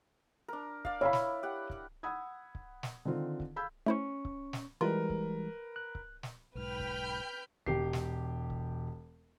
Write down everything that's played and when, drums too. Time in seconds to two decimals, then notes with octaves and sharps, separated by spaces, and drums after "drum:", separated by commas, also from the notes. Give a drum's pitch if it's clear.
0.48 D4 A#4
0.85 D5 F5, drum: kick C#1
1.01 E4 C#5 F5 B5
1.13 drum: snare
1.43 G4 F#5
1.70 drum: kick C#1
2.03 F#5 B5 D#6 E6 G#6
2.55 drum: kick C#1
2.83 drum: snare
3.05 D3 D#3 C4 F4
3.40 drum: kick C#1
3.56 F5 B5 E6 G6 G#6
3.86 A3 C#4 E4 C5 C#6
4.25 drum: kick C#1
4.53 drum: snare
4.81 E3 G3 G#3 F4 A#4 B4
5.10 drum: kick C#1
5.76 F#6
5.95 drum: kick C#1
6.23 drum: snare
6.55 B1 G#2 B4 G5 B5 F6 G6
6.80 drum: kick C#1
7.66 E1 G4 C7, drum: kick C#1
7.93 drum: snare
8.50 drum: kick C#1